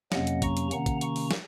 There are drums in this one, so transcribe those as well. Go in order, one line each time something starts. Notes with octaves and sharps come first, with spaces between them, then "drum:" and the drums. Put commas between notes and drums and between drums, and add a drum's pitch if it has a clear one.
F2 C3 F#3 A#3 C#4 D#5 F#5, drum: snare
drum: hi-hat
A#5 C#6, drum: kick, hi-hat
drum: hi-hat
C3 D#3 A#3 C#4 F#5 A#5, drum: hi-hat
drum: kick, hi-hat
A#5 C#6, drum: hi-hat
drum: open hi-hat
drum: snare